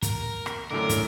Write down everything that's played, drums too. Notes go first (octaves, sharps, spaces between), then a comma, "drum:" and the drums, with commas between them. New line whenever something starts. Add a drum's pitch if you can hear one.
A#4, drum: kick, hi-hat
drum: rim click
F#2 A2 D3 A4 A#4 D6
drum: kick, hi-hat